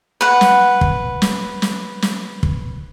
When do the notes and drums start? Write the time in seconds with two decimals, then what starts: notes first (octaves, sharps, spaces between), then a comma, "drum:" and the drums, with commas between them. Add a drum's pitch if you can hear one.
0.21 B4 F#5
0.41 drum: snare
0.81 drum: kick
1.22 drum: snare
1.62 drum: snare
2.02 drum: snare
2.43 drum: kick